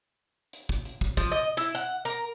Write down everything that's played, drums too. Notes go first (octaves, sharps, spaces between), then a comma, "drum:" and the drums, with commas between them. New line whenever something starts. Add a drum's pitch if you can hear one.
drum: hi-hat
drum: kick
drum: hi-hat
drum: kick
F3, drum: kick, hi-hat
D#5
E4
F#5
A#4